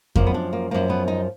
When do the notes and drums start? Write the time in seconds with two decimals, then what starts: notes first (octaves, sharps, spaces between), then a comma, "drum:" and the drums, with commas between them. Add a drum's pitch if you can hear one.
0.16 F#2 F3 A#3, drum: kick F2
0.27 B3
0.34 D4
0.53 A#3
0.71 F#2 F3 A#3
0.90 B3
1.08 D#4